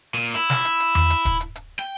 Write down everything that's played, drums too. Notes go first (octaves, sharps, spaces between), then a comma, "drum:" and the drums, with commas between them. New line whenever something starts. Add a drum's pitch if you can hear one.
A#2
E4, drum: hi-hat
drum: snare
drum: hi-hat
drum: hi-hat
drum: tom E2
drum: hi-hat
drum: kick, hi-hat
drum: hi-hat
drum: hi-hat
G5